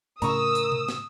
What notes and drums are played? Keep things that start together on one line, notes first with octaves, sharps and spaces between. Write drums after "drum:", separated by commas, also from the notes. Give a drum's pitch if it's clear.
A2 C#3 A#4 A#5 C#6 D#6 E6, drum: hi-hat
drum: hi-hat
drum: tom C3
drum: snare